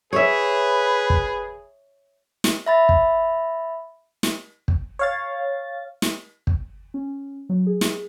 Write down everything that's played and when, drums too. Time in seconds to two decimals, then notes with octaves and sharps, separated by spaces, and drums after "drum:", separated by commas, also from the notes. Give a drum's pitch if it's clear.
0.13 G#4 B4 C#5 E5
1.10 drum: kick
2.44 drum: snare
2.66 E5 B5 A6
2.89 drum: kick
4.23 drum: snare
4.68 drum: kick
4.99 C#5 F5 A6
6.02 drum: snare
6.47 drum: kick
6.94 C#4
7.49 F#3
7.67 G#4
7.81 drum: snare